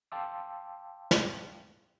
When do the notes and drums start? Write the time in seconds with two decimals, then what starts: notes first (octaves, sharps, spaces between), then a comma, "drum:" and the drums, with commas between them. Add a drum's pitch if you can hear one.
0.12 F5 G5 A5 C6 D6 E6
1.11 drum: snare